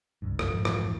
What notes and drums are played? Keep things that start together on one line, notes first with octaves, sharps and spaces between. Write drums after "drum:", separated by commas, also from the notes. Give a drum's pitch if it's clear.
F#1 C2 G2
drum: rim click
A#1 F2 G#2 E3
drum: rim click